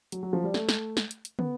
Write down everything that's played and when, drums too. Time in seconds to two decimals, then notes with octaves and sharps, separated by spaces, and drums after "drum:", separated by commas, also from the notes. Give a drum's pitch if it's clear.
0.12 F#3, drum: hi-hat
0.23 F#3
0.33 F3
0.44 G3
0.54 A3, drum: snare
0.69 drum: snare
0.97 drum: snare
1.11 drum: hi-hat
1.25 drum: hi-hat
1.39 B3, drum: tom